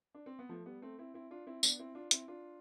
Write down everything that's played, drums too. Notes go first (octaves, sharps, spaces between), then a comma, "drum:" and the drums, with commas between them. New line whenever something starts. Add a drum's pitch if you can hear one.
D4
C4
B3
F3 A3
G3 B3
A3 C4
C4 E4
C4 E4
D4 F4
C4 E4
B3 D4, drum: tambourine
C4 E4
D4 F4
C4 E4, drum: hi-hat
D4 F4